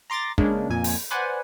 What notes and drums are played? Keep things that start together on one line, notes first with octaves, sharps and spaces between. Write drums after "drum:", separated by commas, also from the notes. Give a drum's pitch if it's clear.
A#5 C6 D6 A6 A#6
C#3 G#3 A#3 C#4 D4, drum: kick
F2 A#2 G#5
drum: open hi-hat
B4 C5 D5 F#5 G#5